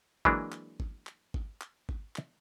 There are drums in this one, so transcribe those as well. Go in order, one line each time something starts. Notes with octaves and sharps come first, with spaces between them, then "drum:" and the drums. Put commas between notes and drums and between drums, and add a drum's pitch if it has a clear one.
E3 F#3 G#3 A#3 D4, drum: kick G#1
drum: clap
drum: kick G#1
drum: clap
drum: kick G#1
drum: clap
drum: kick G#1
drum: clap